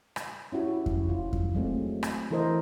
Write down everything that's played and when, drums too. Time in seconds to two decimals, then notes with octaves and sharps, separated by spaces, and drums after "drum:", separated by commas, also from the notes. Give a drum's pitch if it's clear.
0.16 drum: rim click
0.52 C#4 E4 F#4 G4
0.86 drum: kick F2
1.09 F4
1.33 drum: kick F2
1.55 F#3 G#3 A3 C4
2.03 drum: rim click
2.31 E3 E4 A4 A#4 C5 D#5